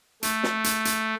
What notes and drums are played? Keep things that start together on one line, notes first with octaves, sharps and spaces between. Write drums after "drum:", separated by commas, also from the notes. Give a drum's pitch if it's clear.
A3, drum: hi-hat
drum: snare
drum: hi-hat
drum: hi-hat